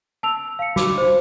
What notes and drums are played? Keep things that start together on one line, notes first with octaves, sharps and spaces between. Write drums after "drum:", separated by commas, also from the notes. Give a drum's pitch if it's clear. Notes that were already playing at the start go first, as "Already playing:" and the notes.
A5 E6 F7
F5 C#7
F#4 D6, drum: snare
C5